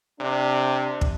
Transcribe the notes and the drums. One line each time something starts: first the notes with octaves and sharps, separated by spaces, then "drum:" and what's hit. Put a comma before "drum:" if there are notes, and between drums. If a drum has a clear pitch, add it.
C3 D4
drum: kick